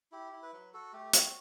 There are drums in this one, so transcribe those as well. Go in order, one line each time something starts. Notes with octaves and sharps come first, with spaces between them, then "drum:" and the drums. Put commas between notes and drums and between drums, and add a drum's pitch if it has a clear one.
E4 G4
E4
B4
F#3
F#4 A4
A3 G4
C4 F#4, drum: hi-hat